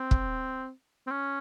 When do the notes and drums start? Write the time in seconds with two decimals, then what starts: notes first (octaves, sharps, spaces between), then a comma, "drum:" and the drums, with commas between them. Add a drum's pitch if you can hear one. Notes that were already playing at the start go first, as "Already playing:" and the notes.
Already playing: C4
0.11 drum: kick
1.07 C4
1.11 C#4